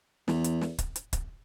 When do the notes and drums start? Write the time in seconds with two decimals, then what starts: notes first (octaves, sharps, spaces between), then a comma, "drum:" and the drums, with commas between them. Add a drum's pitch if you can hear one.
0.28 E2, drum: snare
0.44 drum: hi-hat
0.61 drum: snare
0.78 drum: kick, hi-hat
0.96 drum: hi-hat
1.13 drum: kick, hi-hat